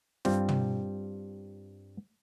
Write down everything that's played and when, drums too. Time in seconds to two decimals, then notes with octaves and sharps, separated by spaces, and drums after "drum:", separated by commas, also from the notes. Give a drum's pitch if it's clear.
0.25 G2 G3 C4 F4, drum: snare
0.49 drum: tom